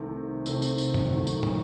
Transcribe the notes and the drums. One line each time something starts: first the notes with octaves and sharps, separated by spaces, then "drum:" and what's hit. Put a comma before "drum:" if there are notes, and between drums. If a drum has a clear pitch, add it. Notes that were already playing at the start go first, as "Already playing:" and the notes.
Already playing: C2 C3 D#3 A3 C4
C2 C3 D#3 A3 C4, drum: tambourine
drum: tambourine
drum: tambourine
drum: tom
D#3 F#3 A3
drum: tambourine
drum: tom